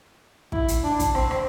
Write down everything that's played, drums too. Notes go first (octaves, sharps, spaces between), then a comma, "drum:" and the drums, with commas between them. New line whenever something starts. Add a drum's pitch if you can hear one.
E4, drum: kick
drum: hi-hat
D4
drum: kick, hi-hat
C4, drum: rim click
drum: rim click